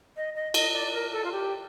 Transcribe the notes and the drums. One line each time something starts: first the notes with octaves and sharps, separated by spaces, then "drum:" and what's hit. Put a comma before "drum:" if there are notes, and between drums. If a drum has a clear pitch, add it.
D#5
D#5
D#5, drum: cymbal
D5
A#4
A4
F4
G4